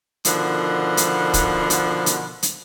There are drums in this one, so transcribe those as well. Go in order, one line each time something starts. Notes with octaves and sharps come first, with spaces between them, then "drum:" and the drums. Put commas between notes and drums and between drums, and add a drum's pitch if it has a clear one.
B2 D3 D#3 F3, drum: hi-hat
drum: hi-hat
drum: kick, hi-hat
drum: hi-hat
drum: hi-hat
drum: hi-hat